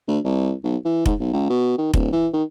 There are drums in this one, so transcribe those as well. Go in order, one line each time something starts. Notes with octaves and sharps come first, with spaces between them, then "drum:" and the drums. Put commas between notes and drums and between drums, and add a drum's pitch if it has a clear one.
D2
C2
B1
E3
G#2, drum: kick F1
B1
C#2
B2
D#3
D1, drum: kick F1
E3
D#3